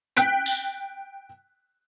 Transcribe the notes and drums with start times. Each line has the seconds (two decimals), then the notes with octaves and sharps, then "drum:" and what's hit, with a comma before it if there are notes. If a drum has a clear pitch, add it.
0.17 G5 F#6 B6 D7, drum: hi-hat
0.46 drum: tambourine